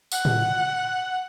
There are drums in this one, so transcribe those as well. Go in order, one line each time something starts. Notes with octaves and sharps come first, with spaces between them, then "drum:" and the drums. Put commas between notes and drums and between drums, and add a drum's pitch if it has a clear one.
F#5, drum: tambourine
drum: tom A2